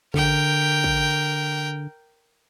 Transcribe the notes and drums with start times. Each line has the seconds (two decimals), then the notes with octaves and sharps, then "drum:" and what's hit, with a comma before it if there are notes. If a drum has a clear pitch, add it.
0.14 D3 A#4 G5, drum: kick A1
0.84 drum: kick A1